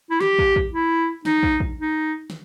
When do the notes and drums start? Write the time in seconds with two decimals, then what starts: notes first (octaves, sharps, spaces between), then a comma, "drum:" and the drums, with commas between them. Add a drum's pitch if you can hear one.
0.11 E4
0.21 G4, drum: snare
0.39 drum: kick
0.56 drum: kick
0.73 E4
1.25 D#4, drum: snare
1.43 drum: kick
1.60 drum: kick
1.78 D#4
2.30 drum: snare